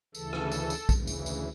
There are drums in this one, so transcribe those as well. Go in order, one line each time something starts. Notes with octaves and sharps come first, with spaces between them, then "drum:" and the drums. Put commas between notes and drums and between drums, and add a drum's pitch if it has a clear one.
D2 C#3 E3 A4, drum: tambourine
drum: rim click
drum: tambourine
drum: tambourine
D2 C#3 E3, drum: kick A#1, tambourine
drum: tambourine
drum: tambourine